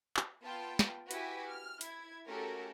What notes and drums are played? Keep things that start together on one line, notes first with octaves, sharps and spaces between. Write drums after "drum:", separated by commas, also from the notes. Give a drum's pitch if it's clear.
drum: clap
B3 F4 G5 A5
drum: snare
E4 F#4 G4 B4 G#5 B6, drum: hi-hat
F6
E4 G#6, drum: hi-hat
A3 C#4 F#4 G4 A4 A#4